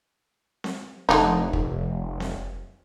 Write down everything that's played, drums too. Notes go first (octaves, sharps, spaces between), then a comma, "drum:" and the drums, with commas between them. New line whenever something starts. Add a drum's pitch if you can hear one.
drum: snare C4
F1 D3 D4 D#4, drum: snare C4
drum: kick
drum: snare C4